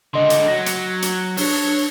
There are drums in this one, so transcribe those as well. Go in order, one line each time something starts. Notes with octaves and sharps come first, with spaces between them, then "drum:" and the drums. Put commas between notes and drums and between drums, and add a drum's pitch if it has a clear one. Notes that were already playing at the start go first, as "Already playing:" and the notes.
C#2 D3 D#5 C6
drum: hi-hat
F#3 A#6
drum: hi-hat
drum: hi-hat
D4 C#5, drum: open hi-hat